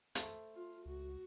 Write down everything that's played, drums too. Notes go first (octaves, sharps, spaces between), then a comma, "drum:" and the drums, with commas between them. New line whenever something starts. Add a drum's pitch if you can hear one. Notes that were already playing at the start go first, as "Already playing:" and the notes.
A3 C5 A5, drum: hi-hat
F4
C#2 F#4